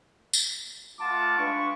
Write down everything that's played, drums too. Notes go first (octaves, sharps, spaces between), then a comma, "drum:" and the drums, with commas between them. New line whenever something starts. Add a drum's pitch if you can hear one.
drum: tambourine
A3 F4 F#5 A5 D6
G#3 D4 B4 F5 C#6